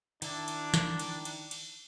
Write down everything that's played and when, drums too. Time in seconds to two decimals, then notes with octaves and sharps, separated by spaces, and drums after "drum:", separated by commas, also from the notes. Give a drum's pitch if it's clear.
0.22 D#3 D4 E4 A5, drum: cymbal
0.48 drum: cymbal
0.74 drum: snare
0.99 drum: cymbal
1.25 drum: cymbal
1.51 drum: cymbal